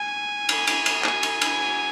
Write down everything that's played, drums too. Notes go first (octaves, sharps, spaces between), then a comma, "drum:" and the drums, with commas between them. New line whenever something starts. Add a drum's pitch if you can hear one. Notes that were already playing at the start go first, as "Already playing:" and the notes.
Already playing: G#5
drum: cymbal
drum: cymbal
drum: cymbal
G#5, drum: clap
drum: cymbal
drum: cymbal